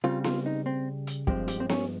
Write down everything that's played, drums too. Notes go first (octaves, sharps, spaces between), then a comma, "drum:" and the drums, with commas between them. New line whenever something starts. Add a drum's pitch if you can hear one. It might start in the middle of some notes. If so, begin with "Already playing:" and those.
C#3 G3 C4 F4
F4, drum: snare B3
D#4
C4
drum: hi-hat
G2 F3 G#3 C4 G4, drum: kick
G4, drum: hi-hat
C4
C#4, drum: snare B3